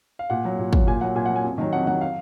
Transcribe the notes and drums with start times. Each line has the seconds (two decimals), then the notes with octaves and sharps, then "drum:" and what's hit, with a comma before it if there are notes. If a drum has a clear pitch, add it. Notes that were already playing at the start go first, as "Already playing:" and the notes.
0.19 F5
0.30 A#2 F#5
0.45 F#3
0.59 A#2
0.73 F#3, drum: kick
0.87 A#2 G#5
1.01 F#3 F#5
1.15 A#2 G#5
1.26 F#3 F#5
1.36 G#5
1.44 F2
1.58 D#3 F#3
1.73 F2 F#5
1.87 D#3 F#3 F#5
2.01 F5